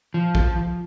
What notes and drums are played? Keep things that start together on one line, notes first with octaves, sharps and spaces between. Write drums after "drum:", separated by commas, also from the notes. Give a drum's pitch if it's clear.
F3
drum: kick